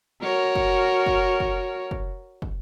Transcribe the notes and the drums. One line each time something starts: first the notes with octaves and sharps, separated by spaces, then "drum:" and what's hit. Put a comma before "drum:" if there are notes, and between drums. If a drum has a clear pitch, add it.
F#4 A#4 C#5
drum: kick
drum: kick
drum: kick
drum: kick
drum: kick